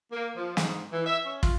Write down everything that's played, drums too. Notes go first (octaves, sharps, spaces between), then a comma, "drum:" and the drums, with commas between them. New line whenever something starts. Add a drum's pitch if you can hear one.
A#3
F3
G#2, drum: snare
E3
E5
C#4
F4, drum: kick